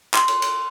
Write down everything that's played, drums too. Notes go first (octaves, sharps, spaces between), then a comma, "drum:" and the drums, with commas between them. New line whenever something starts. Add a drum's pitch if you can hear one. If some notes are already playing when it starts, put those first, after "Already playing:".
C6, drum: clap
drum: cymbal
drum: cymbal